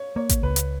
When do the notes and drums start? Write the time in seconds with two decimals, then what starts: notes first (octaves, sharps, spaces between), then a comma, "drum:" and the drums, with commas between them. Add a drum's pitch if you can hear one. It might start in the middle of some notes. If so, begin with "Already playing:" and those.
Already playing: C#5
0.16 A#3 C#5
0.29 drum: kick A1, hi-hat
0.42 C#2 B4
0.56 drum: hi-hat